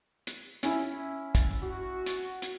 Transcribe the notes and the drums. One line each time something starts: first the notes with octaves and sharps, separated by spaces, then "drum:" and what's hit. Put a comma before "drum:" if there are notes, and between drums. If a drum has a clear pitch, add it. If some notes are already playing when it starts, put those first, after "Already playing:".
drum: hi-hat
C#4 E4, drum: hi-hat
drum: kick, hi-hat
F#4
drum: hi-hat
drum: hi-hat